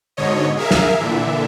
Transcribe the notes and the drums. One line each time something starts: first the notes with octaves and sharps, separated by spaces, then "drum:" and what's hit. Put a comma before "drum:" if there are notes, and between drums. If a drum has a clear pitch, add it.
G#2 B2 D3 C#5 D#5
G#4 A#4 E5 F5
drum: snare
A#2 D3 E3 E5